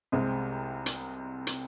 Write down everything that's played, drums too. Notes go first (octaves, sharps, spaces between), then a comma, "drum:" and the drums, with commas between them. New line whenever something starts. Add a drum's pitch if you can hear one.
C2 C3 G#3 C4
drum: hi-hat
drum: hi-hat